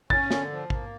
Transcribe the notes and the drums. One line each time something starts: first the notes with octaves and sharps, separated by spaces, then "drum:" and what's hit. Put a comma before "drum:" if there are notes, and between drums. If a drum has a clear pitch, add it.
C#4 A6, drum: kick
D3, drum: snare
F3
A#3, drum: kick